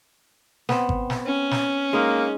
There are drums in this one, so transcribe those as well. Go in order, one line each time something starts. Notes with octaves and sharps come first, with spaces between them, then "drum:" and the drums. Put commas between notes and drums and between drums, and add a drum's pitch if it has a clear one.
B3 C4, drum: snare
drum: kick G#1
drum: snare
C#4
drum: snare
G#3 A#3 D#4